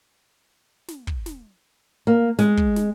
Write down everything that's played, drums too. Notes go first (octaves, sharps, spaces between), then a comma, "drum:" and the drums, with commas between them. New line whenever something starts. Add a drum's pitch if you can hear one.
drum: snare
drum: kick
drum: snare
A#3
G#3, drum: snare
drum: kick
drum: snare